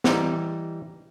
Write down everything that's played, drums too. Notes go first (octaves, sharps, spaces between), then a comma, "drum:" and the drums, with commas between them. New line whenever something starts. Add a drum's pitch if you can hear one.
E3 G3 D#4, drum: snare